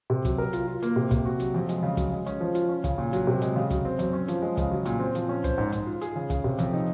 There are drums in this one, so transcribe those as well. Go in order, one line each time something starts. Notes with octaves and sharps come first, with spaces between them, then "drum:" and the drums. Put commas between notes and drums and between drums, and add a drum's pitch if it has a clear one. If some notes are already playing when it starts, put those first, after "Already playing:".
C3
F#3, drum: kick, hi-hat
A#4
F4, drum: hi-hat
F4
A#3, drum: hi-hat
C3
C3, drum: kick, hi-hat
F#4
F#3, drum: hi-hat
F2
G#3, drum: hi-hat
C#3
F#3, drum: kick, hi-hat
G#3
C#4, drum: hi-hat
F3
F4, drum: hi-hat
C#4
C#3, drum: kick, hi-hat
A#2
F#3, drum: hi-hat
C3
G#3, drum: hi-hat
C#3
F#3, drum: kick, hi-hat
C4
F#2, drum: hi-hat
C#4
F3, drum: hi-hat
G#3
C#3, drum: kick, hi-hat
F#3
A#2, drum: hi-hat
C4
F3, drum: hi-hat
C#4
C5, drum: kick, hi-hat
G#2
G#2, drum: hi-hat
F4
G#4, drum: hi-hat
C#3
C#3, drum: kick, hi-hat
C3
F2, drum: hi-hat
D#4